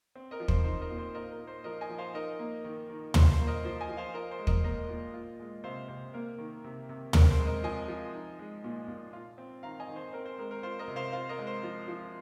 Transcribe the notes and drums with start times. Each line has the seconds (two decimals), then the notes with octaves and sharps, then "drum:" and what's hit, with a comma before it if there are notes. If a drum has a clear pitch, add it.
0.15 C4
0.31 A#4 D#5
0.40 F3
0.48 C5, drum: kick
0.64 D#4 C5
0.81 A#4 D#5
0.90 A#2
0.98 C5
1.14 F4 A#4 D#5
1.31 A#4
1.39 A#3
1.47 C5
1.64 F3 A#4 D#5
1.81 D#5 G#5
1.89 F3
1.98 C5 F5
2.14 D#4 A#4 D#5
2.39 A#3
2.64 D#3
2.90 D#3
3.14 F4 C5, drum: tom
3.32 C5
3.40 A#3
3.47 A#4 D#5
3.65 F3 C5
3.80 D#5 G#5
3.89 F3
3.97 C5 F5
4.14 F4 A#4 D#5
4.31 C5
4.39 G#3
4.47 A#4 D#5, drum: kick
4.64 A#2 A#4 D#5
4.89 A#2
5.14 F4
5.40 G#3
5.64 C3 C5 F5
5.88 C3 C5
6.14 A#3 A#4
6.38 D#3
6.64 C3
6.89 C3
7.13 C4 A#4, drum: tom
7.31 C5
7.39 G#3
7.47 A#4 D#5
7.63 F3 D#5 G#5
7.88 F3
8.14 D#4
8.39 G#3
8.64 A#2
8.88 A#2
9.13 F4
9.38 C4
9.63 D#3 F5 A#5
9.80 D#5 G#5
9.88 D#3
9.96 C5
10.13 C4 A#4
10.25 C5
10.38 G#3 A#4
10.51 A#4
10.63 F4 C5
10.79 A#4 D#5
10.88 C3
10.96 C5 F5
11.13 F4 C5 F5
11.29 A#4 D#5
11.39 G#3
11.47 C5
11.63 F3
11.88 F3